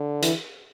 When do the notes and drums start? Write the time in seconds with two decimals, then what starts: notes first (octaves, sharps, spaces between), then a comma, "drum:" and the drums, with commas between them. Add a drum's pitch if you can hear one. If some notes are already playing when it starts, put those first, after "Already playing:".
Already playing: D3
0.22 E3, drum: hi-hat